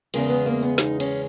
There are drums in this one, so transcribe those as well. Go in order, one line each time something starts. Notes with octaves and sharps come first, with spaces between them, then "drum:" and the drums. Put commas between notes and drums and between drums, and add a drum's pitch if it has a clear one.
E2 C#3 G#3 A#4, drum: cymbal
B3
A#3
B3
D#4, drum: snare
C#4, drum: cymbal